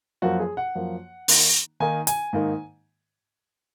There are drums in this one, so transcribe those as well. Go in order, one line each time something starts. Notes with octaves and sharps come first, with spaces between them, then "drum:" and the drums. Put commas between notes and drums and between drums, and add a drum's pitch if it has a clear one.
F#2 F3 A#3 F#4
G#4
F#5
F#2 F3 A#3
D#3 A#3 D#4, drum: open hi-hat
D#3 A#3 D#4 G#5
G#5, drum: hi-hat
G#2 D#3 A#3 D#4